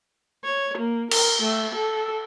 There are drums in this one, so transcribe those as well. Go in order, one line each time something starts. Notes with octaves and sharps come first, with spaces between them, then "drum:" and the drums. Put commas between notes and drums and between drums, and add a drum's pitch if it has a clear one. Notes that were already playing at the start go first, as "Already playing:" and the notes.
C#5
A#3
A#4, drum: cymbal
A3
A4